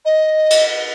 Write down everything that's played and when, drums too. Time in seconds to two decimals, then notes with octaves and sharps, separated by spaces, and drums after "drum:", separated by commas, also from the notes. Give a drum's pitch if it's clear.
0.05 D#5
0.51 drum: cymbal